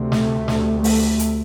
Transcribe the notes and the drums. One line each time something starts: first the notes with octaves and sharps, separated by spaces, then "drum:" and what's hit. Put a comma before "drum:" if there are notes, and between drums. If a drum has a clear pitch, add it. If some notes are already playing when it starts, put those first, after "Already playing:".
Already playing: D2 C3
A3, drum: snare
D2 C3, drum: snare
A3, drum: open hi-hat
drum: hi-hat